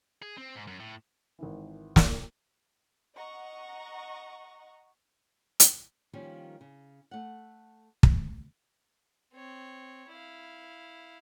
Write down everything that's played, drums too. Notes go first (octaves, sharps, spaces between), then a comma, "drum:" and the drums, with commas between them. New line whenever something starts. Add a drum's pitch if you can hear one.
G#4
C4
G#2
F#2
A2
G#1 D#3 E3
drum: snare
D#5 F#5 A#5 C#6
drum: hi-hat
D#3 F3 G3 A#3 C#4
C#3
A3 F#5
drum: kick
C4 C#5
E4 F5